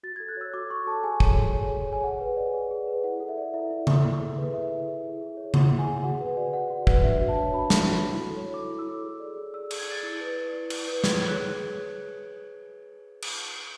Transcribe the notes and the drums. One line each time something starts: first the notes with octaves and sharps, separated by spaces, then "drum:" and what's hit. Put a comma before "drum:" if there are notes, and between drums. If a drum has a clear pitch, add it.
F#4 A6
G#6
A4
F#6
C#5 E6
F#4 D6
F#4 C#6
A4 A5
G#4 G#5
C#5, drum: kick
G#4
C#5
G#4
C#5
G#5
G#4 F#5
B4
D5
G#4
G#4
B4
E4 F#5
A4
E5
D5
E4 E5
E4
A4, drum: tom C#3
E4
G#4
B4
E4 E5
E4
G#4
E4
G#4
C#5
E4 F#5, drum: tom C#3
E4
G#5
G#4
F#4 F#5
B4
D5
F#4 F#5
F#4
B4, drum: kick
D4 E5
F#4
A5
C#5
D4 B5
D4, drum: snare
F#4
E4
A4
C#5
E4 D6
E4
E6
A4
G#4
D5
G#4
D5 E6
G#4, drum: cymbal
G#6
D5 A6
E4 A6
B4
D5
E4
E4, drum: cymbal
B4
G#4 G#6, drum: snare
C#5
F#6
G#4
drum: cymbal